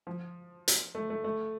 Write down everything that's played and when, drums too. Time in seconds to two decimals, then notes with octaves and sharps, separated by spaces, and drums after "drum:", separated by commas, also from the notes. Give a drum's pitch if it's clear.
0.07 F3
0.68 drum: hi-hat
0.95 A3
1.10 A3
1.24 A3